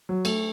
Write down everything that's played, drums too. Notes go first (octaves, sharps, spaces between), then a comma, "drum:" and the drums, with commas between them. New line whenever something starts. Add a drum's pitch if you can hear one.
F#3
A3, drum: cymbal